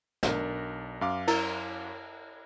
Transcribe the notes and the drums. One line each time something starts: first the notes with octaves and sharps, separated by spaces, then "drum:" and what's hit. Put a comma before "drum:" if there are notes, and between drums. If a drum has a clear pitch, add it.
B1 D4 A#4, drum: snare
F#2 F5 D6
E4 A#4, drum: cymbal